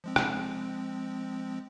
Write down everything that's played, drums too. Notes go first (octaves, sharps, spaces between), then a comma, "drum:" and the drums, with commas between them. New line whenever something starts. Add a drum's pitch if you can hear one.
F3 G#3 C4
drum: rim click